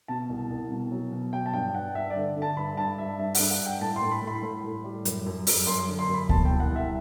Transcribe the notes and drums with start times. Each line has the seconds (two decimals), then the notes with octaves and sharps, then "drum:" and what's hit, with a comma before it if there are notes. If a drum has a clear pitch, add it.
0.08 B2 A5
0.29 C2
0.50 C2
0.71 B2
0.91 F#3
1.12 B2
1.33 F#3 G5
1.46 A5
1.53 G2 G5
1.75 G2 F#5
1.95 G2 E5
2.10 D5
2.16 D3
2.36 D3
2.42 A5
2.57 G2 B5
2.77 G2 A5
2.98 G2 E5
3.19 G2 E5
3.35 F#5, drum: open hi-hat
3.40 G2
3.50 F#5
3.60 G2
3.66 G5
3.81 A2 A5
3.96 C6
4.02 A2
4.11 B5
4.22 A2
4.27 B5
4.42 A2
4.64 A2
4.84 G3
5.05 F#2, drum: hi-hat
5.26 F#2
5.47 F#2, drum: open hi-hat
5.67 F#2 C6
5.88 D3
5.99 C6
6.09 F#2
6.14 B5
6.29 B2 A5, drum: kick D2
6.45 G5
6.50 C2
6.60 F#5
6.71 C2 E5